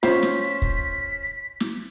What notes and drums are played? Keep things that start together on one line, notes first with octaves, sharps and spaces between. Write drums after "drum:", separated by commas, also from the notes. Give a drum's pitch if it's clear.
C#4 F4 C5 F5 B6, drum: snare
drum: snare
drum: kick
drum: snare